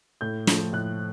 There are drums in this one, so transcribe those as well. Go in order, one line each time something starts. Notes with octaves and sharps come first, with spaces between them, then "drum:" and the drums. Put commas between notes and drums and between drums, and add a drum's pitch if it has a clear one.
A2 G6
F3 A3, drum: snare
A2 F#6